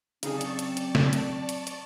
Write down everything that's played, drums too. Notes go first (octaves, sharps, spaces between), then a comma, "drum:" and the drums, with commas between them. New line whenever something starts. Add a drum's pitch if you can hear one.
C#3 F#3 C4 D#4 G#4 D5 A5 C#6, drum: hi-hat
drum: hi-hat
drum: hi-hat
drum: hi-hat
drum: snare
drum: hi-hat
drum: hi-hat
drum: hi-hat